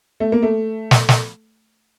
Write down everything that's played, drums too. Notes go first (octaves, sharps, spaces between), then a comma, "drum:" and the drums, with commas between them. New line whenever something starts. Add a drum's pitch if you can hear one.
A3
A#3
A3
drum: snare
drum: snare